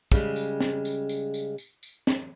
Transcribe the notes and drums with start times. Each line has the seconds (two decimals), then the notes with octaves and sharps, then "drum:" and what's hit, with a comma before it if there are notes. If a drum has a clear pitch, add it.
0.12 C#3 G3 G#3, drum: kick, tambourine
0.36 drum: tambourine
0.61 drum: snare
0.85 drum: tambourine
1.09 drum: tambourine
1.34 drum: tambourine
1.58 drum: tambourine
1.83 drum: tambourine
2.07 drum: snare